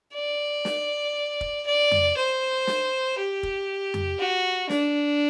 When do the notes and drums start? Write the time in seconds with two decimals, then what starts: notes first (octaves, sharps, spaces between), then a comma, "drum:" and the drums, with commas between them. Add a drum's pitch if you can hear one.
0.14 D5
0.65 drum: snare
1.41 drum: kick
1.66 D5
1.91 drum: tom F2
2.17 C5
2.67 drum: snare
3.19 G4
3.43 drum: kick
3.94 drum: tom F2
4.19 F#4
4.70 D4, drum: snare